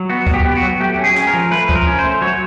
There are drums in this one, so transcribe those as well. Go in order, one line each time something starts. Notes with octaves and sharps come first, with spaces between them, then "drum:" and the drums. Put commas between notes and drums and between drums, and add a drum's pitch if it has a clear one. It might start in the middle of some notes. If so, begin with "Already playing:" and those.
Already playing: F#3
B3 F#4
B3, drum: kick C#2
G4
B3
F#4
F#3
A3 G4
C#4
G#4
C#4, drum: snare
A#4
F3
A3 B4
F3, drum: kick C#2
A#4
C#4
C5
A3
F#3 C#5